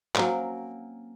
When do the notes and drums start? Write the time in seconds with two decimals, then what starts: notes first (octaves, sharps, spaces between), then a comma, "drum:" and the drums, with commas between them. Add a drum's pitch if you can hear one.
0.16 F#3 A#3 C4 C#4, drum: clap